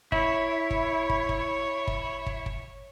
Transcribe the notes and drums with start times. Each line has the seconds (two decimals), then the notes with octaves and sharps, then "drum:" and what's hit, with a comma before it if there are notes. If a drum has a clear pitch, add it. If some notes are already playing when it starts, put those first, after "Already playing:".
0.12 E4 C#5, drum: kick
0.71 drum: kick
1.10 drum: kick
1.29 drum: kick
1.87 drum: kick
2.26 drum: kick
2.46 drum: kick